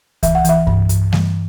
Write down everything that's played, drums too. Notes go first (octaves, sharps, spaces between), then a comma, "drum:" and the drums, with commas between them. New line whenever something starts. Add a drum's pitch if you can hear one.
E3 E5, drum: kick C2, hi-hat
F#5
E3 E5, drum: hi-hat
G2, drum: kick C2
G2, drum: hi-hat
E3, drum: snare G3